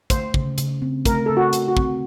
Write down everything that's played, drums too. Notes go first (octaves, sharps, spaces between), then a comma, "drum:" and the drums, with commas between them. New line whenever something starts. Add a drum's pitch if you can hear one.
A3 C5, drum: kick, hi-hat
C#3, drum: kick
C#3, drum: hi-hat
C4
A3 A#4, drum: kick, hi-hat
C#3 A4
F#4
C#3, drum: hi-hat
F#4
C4, drum: kick